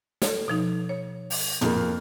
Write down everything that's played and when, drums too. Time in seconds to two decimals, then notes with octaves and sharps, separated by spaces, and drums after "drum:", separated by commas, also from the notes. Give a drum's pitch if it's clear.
0.22 A4 C#5, drum: snare
0.48 B2 F3 D#4
0.89 C#5
1.30 drum: open hi-hat
1.61 F2 A#3 G#4, drum: tom